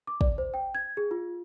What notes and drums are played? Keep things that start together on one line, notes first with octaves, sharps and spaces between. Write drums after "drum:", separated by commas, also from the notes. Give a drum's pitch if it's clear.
D6
D5, drum: kick
C5
G5
G#6
G#4
F4